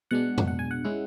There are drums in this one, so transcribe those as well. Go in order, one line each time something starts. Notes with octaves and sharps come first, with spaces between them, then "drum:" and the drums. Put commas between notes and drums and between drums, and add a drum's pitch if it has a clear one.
B2 G#3 D4 F#5
drum: tom F2
F#5
G#5
F#5
G#3 C#4 E4